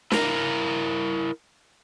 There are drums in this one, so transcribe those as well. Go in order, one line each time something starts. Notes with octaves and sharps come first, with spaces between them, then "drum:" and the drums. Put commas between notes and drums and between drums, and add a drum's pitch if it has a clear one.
E4 A#4 F5 A#5, drum: snare